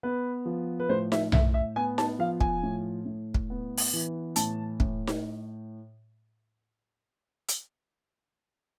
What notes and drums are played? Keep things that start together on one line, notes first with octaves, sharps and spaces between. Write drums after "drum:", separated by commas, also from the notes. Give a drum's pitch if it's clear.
B3 B4
F3
B4
A2 C5
E5, drum: snare D#4
A2 E5, drum: tom B1
E5
B3 G#5
A5, drum: snare D#4
F3 F5
G#5, drum: kick
A2
A2
drum: kick
B3
drum: open hi-hat
E3
A2 A5, drum: hi-hat
A2, drum: kick
drum: snare D#4
drum: hi-hat